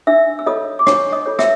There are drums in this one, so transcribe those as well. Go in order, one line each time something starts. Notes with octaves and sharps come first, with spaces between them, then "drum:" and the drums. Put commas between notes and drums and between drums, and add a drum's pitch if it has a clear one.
D4 E5 E6
E6
F4 A4 C#5 D#5 D#6
D6
D4 C#5 C#6, drum: rim click
D#5 D#6
F4 A4 C#5
E5 E6, drum: rim click